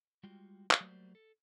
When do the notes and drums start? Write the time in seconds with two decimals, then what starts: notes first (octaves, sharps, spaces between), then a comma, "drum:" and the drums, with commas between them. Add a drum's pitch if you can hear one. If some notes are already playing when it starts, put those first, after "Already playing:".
0.23 G3 G#3 F4 F#4 G5
0.71 drum: clap
0.81 F#3 G3 A3 A#3 C5 D5
1.15 A4